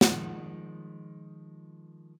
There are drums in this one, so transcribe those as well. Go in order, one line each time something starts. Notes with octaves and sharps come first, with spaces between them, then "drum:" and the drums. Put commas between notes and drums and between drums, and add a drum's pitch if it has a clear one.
D#3 F3 G#3, drum: snare